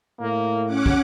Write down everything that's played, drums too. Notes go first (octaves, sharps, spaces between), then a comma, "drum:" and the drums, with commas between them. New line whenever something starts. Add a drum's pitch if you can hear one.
A2 A#3
C#4 F#5 D6
drum: kick